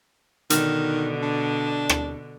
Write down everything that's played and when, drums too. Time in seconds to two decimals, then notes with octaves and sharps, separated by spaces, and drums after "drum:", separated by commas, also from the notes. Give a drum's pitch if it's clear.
0.50 B2 D3 D#3, drum: hi-hat
1.23 D4
1.89 drum: rim click